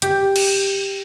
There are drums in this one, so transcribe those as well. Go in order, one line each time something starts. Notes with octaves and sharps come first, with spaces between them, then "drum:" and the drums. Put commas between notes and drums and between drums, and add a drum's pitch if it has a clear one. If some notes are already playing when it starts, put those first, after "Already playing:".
G4, drum: hi-hat
drum: cymbal